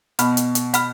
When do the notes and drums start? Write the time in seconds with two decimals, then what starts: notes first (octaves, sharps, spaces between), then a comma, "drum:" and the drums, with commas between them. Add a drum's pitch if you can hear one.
0.19 B2 F#5 B5 F6, drum: hi-hat
0.37 drum: hi-hat
0.55 drum: hi-hat
0.74 F#5 B5 F6, drum: hi-hat